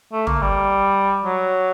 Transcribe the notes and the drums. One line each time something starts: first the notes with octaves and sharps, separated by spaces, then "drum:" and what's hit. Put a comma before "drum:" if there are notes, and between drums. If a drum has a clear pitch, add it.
A3
A#3, drum: tom
G3
F#3